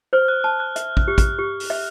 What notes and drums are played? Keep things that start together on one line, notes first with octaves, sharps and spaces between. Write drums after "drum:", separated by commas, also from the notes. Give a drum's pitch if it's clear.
C5 F6
F#6
A5 F6
F#6
E5, drum: hi-hat
drum: kick
G4
drum: kick, hi-hat
G4
drum: open hi-hat
E5